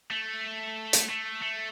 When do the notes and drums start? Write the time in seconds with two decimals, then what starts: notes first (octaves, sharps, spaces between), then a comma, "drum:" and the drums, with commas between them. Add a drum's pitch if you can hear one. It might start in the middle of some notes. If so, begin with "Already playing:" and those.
0.11 A3
0.93 drum: hi-hat
1.09 A3
1.42 A3